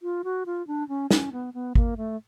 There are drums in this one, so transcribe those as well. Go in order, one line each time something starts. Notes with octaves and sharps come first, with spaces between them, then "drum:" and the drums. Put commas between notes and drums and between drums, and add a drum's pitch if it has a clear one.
F4
F#4
F4
D4
C#4
C#4, drum: snare
B3
B3
A#3, drum: kick
A3